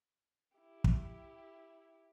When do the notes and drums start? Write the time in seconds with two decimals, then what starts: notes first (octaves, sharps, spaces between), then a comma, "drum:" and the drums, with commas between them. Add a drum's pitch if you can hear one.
0.57 E4 G4
0.84 drum: kick